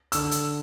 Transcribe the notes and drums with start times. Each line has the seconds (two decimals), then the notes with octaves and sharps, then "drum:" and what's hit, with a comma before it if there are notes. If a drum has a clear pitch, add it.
0.12 E6, drum: hi-hat
0.15 D3
0.31 drum: hi-hat